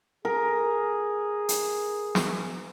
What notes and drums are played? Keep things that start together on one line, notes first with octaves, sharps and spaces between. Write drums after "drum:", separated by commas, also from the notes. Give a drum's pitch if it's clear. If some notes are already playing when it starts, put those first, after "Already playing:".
G#4 A#4
drum: hi-hat
drum: snare